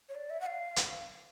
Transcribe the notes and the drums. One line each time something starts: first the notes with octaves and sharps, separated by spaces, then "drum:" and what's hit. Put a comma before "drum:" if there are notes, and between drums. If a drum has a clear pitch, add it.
C#5
D5
E5
F#5
F5
drum: hi-hat